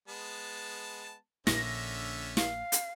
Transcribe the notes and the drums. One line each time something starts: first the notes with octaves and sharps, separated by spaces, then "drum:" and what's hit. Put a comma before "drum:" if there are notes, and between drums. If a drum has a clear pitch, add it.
G#3 B3 A5
A#1 A#2 D3 A#3 C#4 E5 A#6, drum: snare
F5, drum: snare
drum: hi-hat